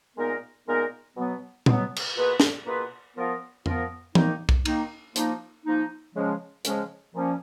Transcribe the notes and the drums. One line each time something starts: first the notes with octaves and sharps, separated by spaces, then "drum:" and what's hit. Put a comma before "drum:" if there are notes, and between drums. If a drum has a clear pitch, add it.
A#2 G#3 B3 D#4 A#4
A#2 G#3 B3 D#4 A#4
B2 F#3 B3
B2 F#3 B3, drum: tom A#2
drum: cymbal
B2 A#3 F4 G#4 B4
drum: snare
B2 A#3 F4 G#4 B4
F3 B3 F4 A#4
F3 B3 F4 A#4, drum: tom F2
D#3 A#3 D#4, drum: tom E3
drum: kick
D#3 A#3 D#4, drum: cymbal
F3 A#3 D#4, drum: hi-hat
F3 A#3 D#4
C#3 F3 G#3 C#4
C#3 F3 G#3 C#4, drum: hi-hat
A#2 F3 A#3 C#4